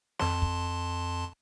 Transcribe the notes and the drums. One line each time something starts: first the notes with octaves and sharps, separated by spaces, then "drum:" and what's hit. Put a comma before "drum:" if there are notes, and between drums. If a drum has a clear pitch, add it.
F2 A5 C6, drum: snare
drum: kick